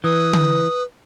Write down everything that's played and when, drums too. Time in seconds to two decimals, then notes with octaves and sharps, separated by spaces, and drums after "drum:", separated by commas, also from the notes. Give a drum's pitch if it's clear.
0.04 E3 B4 D#6
0.33 drum: tom D3